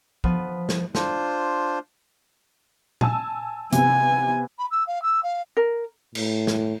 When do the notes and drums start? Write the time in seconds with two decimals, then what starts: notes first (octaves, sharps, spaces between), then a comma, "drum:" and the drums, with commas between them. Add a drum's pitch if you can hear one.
0.24 F3 B3, drum: kick
0.69 drum: snare
0.95 D4 F4 C5, drum: snare
3.01 G#5 A5 E6, drum: tom A#2
3.72 C3 B3 G#5, drum: hi-hat
4.58 B5
4.71 E6
4.87 F5
5.02 E6
5.23 F5
5.57 A#4
6.15 A2, drum: cymbal
6.47 drum: snare